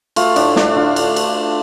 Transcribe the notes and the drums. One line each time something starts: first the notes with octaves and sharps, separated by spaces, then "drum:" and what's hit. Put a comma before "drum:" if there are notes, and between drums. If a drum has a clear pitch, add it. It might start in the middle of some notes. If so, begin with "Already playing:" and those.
A3 F4, drum: cymbal
A2 D4, drum: cymbal
A3 D4, drum: snare
D3 F4
drum: cymbal
drum: cymbal